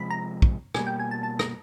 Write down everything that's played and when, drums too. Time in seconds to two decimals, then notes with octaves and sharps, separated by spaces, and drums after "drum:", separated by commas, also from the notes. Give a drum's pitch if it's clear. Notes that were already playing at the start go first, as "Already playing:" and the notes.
Already playing: C3 F3 G#3 B5
0.10 A#5
0.42 drum: kick
0.74 B2 G3 A#3 G#5, drum: rim click
0.87 G5
1.00 G#5
1.11 A5
1.23 A5
1.39 A#5, drum: rim click